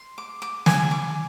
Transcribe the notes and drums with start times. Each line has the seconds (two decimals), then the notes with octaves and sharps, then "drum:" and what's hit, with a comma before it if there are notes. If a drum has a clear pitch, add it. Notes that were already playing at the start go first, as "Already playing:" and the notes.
Already playing: C6
0.18 D6
0.42 D6
0.66 G#5, drum: snare
0.91 D6